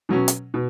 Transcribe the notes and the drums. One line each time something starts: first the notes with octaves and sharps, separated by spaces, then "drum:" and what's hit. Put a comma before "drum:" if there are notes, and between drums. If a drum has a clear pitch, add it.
B2 F#3 C#4
drum: hi-hat
B2